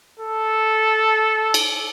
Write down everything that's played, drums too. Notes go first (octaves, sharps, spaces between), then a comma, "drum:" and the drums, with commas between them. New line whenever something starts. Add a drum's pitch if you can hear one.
A4
drum: cymbal